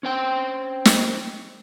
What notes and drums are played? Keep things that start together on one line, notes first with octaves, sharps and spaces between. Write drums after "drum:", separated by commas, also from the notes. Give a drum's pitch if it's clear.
C#4 C5 G5
drum: snare